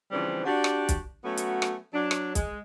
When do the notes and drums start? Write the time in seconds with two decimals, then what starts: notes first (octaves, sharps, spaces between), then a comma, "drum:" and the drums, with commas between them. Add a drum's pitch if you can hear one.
0.11 C#3 E3 F3 G3 C4 D4
0.45 D4 F#4 G4
0.64 drum: rim click
0.89 drum: kick, hi-hat
1.24 F#3 A3 B3 C#4 F#4
1.37 drum: hi-hat
1.62 drum: rim click
1.93 F#3 D4
2.11 drum: rim click
2.35 G#3, drum: kick, hi-hat